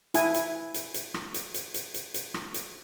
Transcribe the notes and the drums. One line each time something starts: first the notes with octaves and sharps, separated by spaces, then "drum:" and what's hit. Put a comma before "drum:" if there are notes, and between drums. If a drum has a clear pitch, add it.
E4 G#5, drum: hi-hat
drum: hi-hat
drum: hi-hat
drum: hi-hat
drum: rim click
drum: hi-hat
drum: hi-hat
drum: hi-hat
drum: hi-hat
drum: hi-hat
drum: rim click
drum: hi-hat